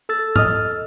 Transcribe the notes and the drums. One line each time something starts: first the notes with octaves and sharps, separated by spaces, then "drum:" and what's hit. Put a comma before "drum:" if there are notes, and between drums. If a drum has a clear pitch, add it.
A4 E6 A6
D#5 D#6 F6, drum: tom G#2